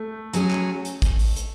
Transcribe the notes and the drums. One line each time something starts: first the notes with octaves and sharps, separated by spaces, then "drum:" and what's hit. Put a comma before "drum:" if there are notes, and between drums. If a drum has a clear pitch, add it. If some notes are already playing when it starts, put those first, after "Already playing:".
Already playing: A3
F#3 C#4 G#4, drum: hi-hat
drum: clap
drum: hi-hat
drum: kick A1, hi-hat
drum: open hi-hat
drum: hi-hat